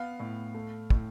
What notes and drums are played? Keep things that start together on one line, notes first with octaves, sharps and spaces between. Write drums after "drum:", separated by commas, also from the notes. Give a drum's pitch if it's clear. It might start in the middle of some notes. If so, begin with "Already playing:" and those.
Already playing: B3 F5
A2
A3
A2, drum: kick